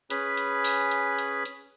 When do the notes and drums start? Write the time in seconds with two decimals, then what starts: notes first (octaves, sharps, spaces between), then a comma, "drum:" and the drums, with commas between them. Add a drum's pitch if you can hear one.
0.10 C#4 G#4 B4 B5 F#6, drum: hi-hat
0.37 drum: hi-hat
0.64 drum: open hi-hat
0.91 drum: hi-hat
1.18 drum: hi-hat
1.45 drum: hi-hat